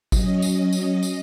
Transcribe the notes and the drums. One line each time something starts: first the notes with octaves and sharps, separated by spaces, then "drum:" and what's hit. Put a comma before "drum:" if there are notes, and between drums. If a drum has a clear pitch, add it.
F#3 C#4 D#5, drum: kick G#1, tambourine
drum: tambourine
drum: tambourine
drum: tambourine